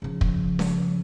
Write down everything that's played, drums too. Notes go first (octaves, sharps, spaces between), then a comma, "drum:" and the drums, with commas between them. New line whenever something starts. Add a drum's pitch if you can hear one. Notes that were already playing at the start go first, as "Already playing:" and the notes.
C#3 F3
drum: kick
drum: snare C#4